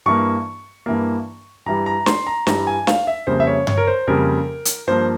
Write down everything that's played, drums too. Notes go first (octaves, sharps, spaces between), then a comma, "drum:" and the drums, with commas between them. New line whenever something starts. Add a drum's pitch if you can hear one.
G2 E3 A#3 C#6
G2 E3 A#3
G2 E3 G3 A#5
A#5
C6, drum: snare
A#5
G2 E3 G3 A#5, drum: snare
G#5
F5, drum: snare
E5
F2 C#3 G3 A#3 C5
E5
C#5
C#5, drum: tom G2
A#4
C5
F2 C#3 G3 A#3 A#4
drum: hi-hat
G2 F3 A#3 C5